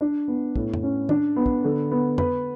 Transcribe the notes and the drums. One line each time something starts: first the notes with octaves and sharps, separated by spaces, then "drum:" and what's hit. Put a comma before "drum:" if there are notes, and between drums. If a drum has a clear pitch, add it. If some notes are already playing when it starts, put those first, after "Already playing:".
D4
B3
A2, drum: kick
drum: tom F2
C#4
D4, drum: tom
B3
drum: kick
D3
B3
B4, drum: tom F2